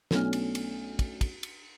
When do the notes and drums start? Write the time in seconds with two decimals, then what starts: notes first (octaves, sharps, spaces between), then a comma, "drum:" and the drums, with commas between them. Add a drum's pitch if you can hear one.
0.11 B1 A3 B3 C#4 D4 F6, drum: snare
0.33 drum: cymbal
0.55 drum: cymbal
0.99 drum: kick, cymbal
1.21 drum: kick, cymbal
1.43 drum: cymbal